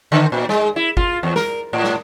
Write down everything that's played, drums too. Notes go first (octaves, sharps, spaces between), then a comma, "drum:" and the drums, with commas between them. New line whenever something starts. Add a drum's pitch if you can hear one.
D3
A#2
G#3, drum: snare
E4
F4, drum: kick G1
E2
A#4, drum: snare
A2
drum: snare